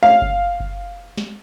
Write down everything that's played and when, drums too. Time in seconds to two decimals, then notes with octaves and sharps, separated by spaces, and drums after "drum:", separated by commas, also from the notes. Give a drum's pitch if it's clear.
0.03 F5
0.22 drum: kick F#1
0.60 drum: kick F#1
1.18 drum: snare